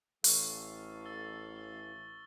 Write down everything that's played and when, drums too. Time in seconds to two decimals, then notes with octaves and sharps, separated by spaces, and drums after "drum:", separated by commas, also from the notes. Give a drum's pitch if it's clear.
0.24 A1 E3 A4 F5 C#6 F6, drum: open hi-hat
1.05 E6 A6 G7
1.57 G7